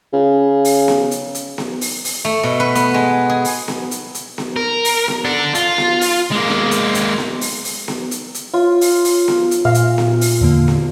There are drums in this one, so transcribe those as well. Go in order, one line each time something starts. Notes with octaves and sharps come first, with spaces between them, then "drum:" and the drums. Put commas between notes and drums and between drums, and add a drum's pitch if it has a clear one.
C#3
drum: open hi-hat
drum: snare B3
drum: hi-hat
drum: hi-hat
drum: snare B3
drum: open hi-hat
drum: open hi-hat
A3
B2
B4
B3, drum: hi-hat
G#3
G#4
drum: open hi-hat
drum: snare B3
drum: hi-hat
drum: hi-hat
drum: snare B3
A#4
drum: open hi-hat
drum: snare B3
D4 A4
F4, drum: hi-hat
drum: snare B3
drum: open hi-hat
G#3 A#3
drum: snare B3
drum: hi-hat
drum: hi-hat
drum: snare B3
drum: open hi-hat
drum: open hi-hat
drum: snare B3
drum: hi-hat
drum: hi-hat
F4 C#5
drum: open hi-hat
drum: open hi-hat
drum: snare B3
drum: hi-hat
A#2 F5
drum: hi-hat
drum: snare B3
drum: open hi-hat
E2 D3 A#3
drum: snare B3